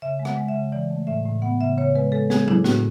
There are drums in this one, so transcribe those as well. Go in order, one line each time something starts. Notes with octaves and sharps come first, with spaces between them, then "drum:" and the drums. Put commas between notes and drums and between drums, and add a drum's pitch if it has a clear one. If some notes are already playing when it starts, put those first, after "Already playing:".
C#3 E5
G#3
F#5, drum: rim click
G#3
E5
C#3
E3 D5
A3
A2 E5
A2
B3 F#5
C#3 E5
C#3 C#5
G#3 B4
G#3 A4
G#3 G#4, drum: snare
D4 E4, drum: tom F#3
A2 F#4, drum: snare